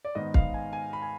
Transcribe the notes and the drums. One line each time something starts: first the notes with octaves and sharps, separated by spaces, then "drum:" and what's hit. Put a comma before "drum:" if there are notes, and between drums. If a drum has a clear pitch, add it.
D5
G#2 D#3 B3 D#5
F5, drum: kick
G#5
G#5
B5
G#5